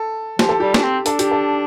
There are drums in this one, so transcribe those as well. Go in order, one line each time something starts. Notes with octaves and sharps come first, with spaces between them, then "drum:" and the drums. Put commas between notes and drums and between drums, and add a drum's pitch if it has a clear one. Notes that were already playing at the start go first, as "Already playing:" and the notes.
Already playing: A4
F3 G4, drum: snare
A4
G3 G4
D4, drum: snare
C4
D4 A4, drum: hi-hat
G4, drum: hi-hat
A4